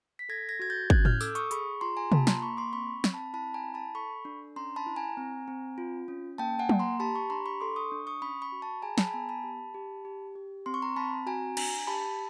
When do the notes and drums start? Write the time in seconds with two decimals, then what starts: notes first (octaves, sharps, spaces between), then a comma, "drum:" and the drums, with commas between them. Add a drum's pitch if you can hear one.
0.19 B6
0.29 A4 G#6 A#6
0.49 G#6 A#6
0.60 F#4 G#6
0.70 G6 A6
0.90 C#4 F#6 G#6, drum: kick
1.05 F6 G6, drum: tom A2
1.21 A4 D6 E6, drum: tambourine
1.35 C#6 D#6, drum: hi-hat
1.51 G#4 B5 C#6, drum: hi-hat
1.81 F4 A#5 C6
1.97 G#5 A#5
2.12 A#3 A5 B5, drum: tom C3
2.27 A#5 C6, drum: snare
2.42 A#3 B5 C#6
2.57 C6 D6
2.73 C4 B5 C#6
3.04 C4, drum: snare
3.13 A5 B5
3.33 E4 A5 B5
3.54 G#5 A#5
3.65 E4
3.74 A5 B5
3.95 A4 B5 C#6
4.25 D4
4.56 C#4 A#5 C6
4.76 A5 B5
4.87 E4
4.96 G#5 A#5
5.17 C4
5.48 C4
5.78 F4
6.08 C#4
6.38 A#3 G5 A5
6.59 F#5 G#5
6.69 A#3, drum: tom F#3
6.79 A#5 C6
7.00 G4 A5 B5
7.15 B5 C#6
7.30 D4 A#5 C6
7.46 B5 C#6
7.61 A4 C6 D6
7.76 C#6 D#6
7.92 D4
8.07 C#6 D#6
8.22 C#4 B5 C#6
8.42 B5 C#6
8.52 F#4
8.62 A5 B5
8.82 G#4 G#5 A#5
8.98 A5 B5, drum: snare
9.13 B3 G#5 A#5
9.29 A5 B5
9.44 G4
9.74 G4
10.05 G4
10.36 G4
10.66 C4 C6
10.74 C#6
10.82 A#5 C6
10.96 C4 A5 B5
11.26 F#4 G#5 A#5
11.57 D4 G#5 A#5, drum: cymbal
11.87 G4 A5 B5